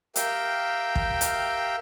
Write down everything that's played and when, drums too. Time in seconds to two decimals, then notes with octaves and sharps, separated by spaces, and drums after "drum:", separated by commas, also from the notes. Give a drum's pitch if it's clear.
0.16 G4 A#4 E5 F5 G5, drum: hi-hat
0.96 drum: kick
1.21 drum: hi-hat